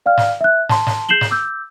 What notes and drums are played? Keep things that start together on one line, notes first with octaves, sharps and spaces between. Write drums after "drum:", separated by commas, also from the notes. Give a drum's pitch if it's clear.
D5 F5 G5 F6
drum: snare
E5 F#6
A5 C6, drum: snare
drum: snare
G#4 G6 C7 E7 F#7 G7
drum: snare
D6 E6 G6